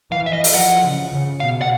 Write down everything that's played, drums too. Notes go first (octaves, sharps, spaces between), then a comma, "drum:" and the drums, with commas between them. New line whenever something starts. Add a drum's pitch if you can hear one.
E3 F5
E5
D#5
drum: open hi-hat
F3 F#5
C#3
C#3
B2 F5
F#5